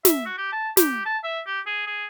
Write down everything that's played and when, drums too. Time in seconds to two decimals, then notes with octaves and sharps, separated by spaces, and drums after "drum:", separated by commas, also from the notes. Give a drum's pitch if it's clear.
0.05 E5, drum: snare
0.26 F#4
0.38 G4
0.52 A5
0.77 G4, drum: snare
1.06 A5
1.24 E5
1.46 G4
1.67 G#4
1.87 G#4